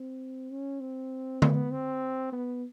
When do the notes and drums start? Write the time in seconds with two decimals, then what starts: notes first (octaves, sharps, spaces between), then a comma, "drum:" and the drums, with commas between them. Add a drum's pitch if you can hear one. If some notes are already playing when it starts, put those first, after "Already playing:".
Already playing: C4
0.51 C#4
0.81 C4
1.42 B3, drum: tom D3
1.72 C4
2.32 B3